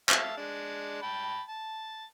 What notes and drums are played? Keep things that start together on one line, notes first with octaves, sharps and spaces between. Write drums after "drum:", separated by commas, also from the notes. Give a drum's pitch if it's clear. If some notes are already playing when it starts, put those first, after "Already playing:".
E5 F5 A5, drum: clap
G#3 D4
G5 A5 B5
A5